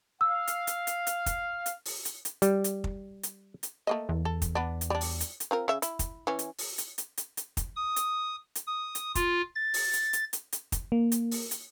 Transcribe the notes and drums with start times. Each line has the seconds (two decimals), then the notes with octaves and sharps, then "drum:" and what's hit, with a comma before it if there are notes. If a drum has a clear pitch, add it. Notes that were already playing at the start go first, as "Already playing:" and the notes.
0.21 F5 E6
0.47 drum: hi-hat
0.67 drum: hi-hat
0.87 drum: hi-hat
1.07 drum: hi-hat
1.26 drum: kick, hi-hat
1.66 drum: hi-hat
1.85 drum: open hi-hat
2.05 drum: hi-hat
2.25 drum: hi-hat
2.42 G3, drum: hi-hat
2.64 drum: hi-hat
2.84 drum: kick
3.23 drum: hi-hat
3.63 drum: hi-hat
3.87 A3 A#3 D#5
4.09 E2
4.25 A4
4.42 drum: kick, hi-hat
4.55 B3 D4
4.81 drum: hi-hat
4.90 G3 D4
5.01 drum: open hi-hat
5.20 drum: hi-hat
5.40 drum: hi-hat
5.51 C4 F4 A#4
5.68 C#3 E5
5.82 E4, drum: hi-hat
5.99 drum: kick, hi-hat
6.27 E3 C#4
6.39 drum: hi-hat
6.58 drum: open hi-hat
6.78 drum: hi-hat
6.98 drum: hi-hat
7.17 drum: hi-hat
7.37 drum: hi-hat
7.57 drum: kick, hi-hat
7.76 D#6
7.96 drum: hi-hat
8.55 drum: hi-hat
8.67 D#6
8.95 drum: hi-hat
9.15 F4, drum: kick, hi-hat
9.55 A6
9.74 drum: open hi-hat
9.93 drum: hi-hat
10.13 drum: hi-hat
10.33 drum: hi-hat
10.52 drum: hi-hat
10.72 drum: kick, hi-hat
10.92 A#3
11.12 drum: hi-hat
11.31 drum: open hi-hat
11.51 drum: hi-hat